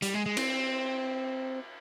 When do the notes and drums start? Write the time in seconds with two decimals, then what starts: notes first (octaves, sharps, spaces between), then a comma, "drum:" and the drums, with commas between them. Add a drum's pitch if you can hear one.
0.02 G3, drum: hi-hat
0.14 G#3
0.26 G#3
0.37 C4, drum: cymbal